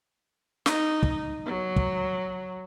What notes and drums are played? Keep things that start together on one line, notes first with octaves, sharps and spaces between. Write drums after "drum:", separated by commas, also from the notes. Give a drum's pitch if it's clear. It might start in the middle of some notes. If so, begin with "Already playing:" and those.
D#4, drum: snare
drum: kick
F#3
drum: kick